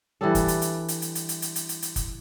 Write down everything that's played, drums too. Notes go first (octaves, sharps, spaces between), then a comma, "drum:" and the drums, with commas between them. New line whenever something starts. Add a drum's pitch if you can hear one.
E3 G3 D4 A4
drum: kick, hi-hat
drum: hi-hat
drum: hi-hat
drum: hi-hat
drum: hi-hat
drum: hi-hat
drum: hi-hat
drum: hi-hat
drum: hi-hat
drum: hi-hat
drum: hi-hat
drum: kick, hi-hat